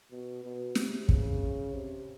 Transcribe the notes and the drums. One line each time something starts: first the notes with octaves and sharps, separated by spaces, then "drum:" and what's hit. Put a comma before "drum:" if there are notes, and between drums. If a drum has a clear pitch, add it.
B2
B2
C3, drum: snare
C#3, drum: kick
C3